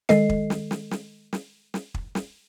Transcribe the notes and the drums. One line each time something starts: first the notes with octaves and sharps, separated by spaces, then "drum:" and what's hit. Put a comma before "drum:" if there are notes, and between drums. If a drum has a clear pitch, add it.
D#3 G#3 A4 D#5 C7, drum: snare
drum: kick
drum: snare
drum: snare
drum: snare
drum: snare
drum: snare
drum: kick
drum: snare